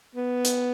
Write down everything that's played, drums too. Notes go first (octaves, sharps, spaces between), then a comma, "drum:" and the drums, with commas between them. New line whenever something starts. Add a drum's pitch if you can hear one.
B3
drum: hi-hat